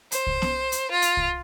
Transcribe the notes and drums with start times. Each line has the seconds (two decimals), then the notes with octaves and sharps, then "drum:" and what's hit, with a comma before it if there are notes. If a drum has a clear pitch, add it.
0.12 C5, drum: hi-hat
0.27 drum: kick C2
0.42 drum: snare B3
0.72 drum: hi-hat
0.91 F4
1.02 drum: hi-hat
1.17 drum: kick C2